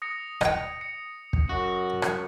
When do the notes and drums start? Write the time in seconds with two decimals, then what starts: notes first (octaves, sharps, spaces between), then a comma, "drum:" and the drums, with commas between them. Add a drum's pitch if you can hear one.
0.02 D#6 A#6 C#7
0.41 D#5 G5, drum: rim click
0.81 C#7
1.33 drum: kick
1.49 F#2 F#4
2.02 drum: rim click